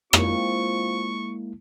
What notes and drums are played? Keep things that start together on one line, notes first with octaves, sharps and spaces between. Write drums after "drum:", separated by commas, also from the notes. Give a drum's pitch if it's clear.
G#3 A#3 C4 E4 F4 C#6, drum: rim click